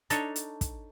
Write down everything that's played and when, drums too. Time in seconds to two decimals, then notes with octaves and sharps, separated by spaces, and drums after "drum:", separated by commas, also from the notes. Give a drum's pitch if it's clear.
0.10 D4 D#4 A4 C#5, drum: hi-hat
0.36 drum: hi-hat
0.61 drum: kick, hi-hat